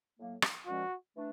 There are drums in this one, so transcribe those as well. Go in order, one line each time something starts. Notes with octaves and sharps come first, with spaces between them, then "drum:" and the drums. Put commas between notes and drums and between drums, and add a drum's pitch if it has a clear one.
A2 F#3 A#3
drum: rim click
A#2 F3 G#3 C#4 F#4
E3 A3 D4